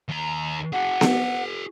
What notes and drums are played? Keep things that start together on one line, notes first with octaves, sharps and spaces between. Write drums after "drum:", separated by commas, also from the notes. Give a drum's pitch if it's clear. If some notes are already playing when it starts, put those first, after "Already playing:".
D#2 A#5
F#4 G#4 F#5
drum: snare B3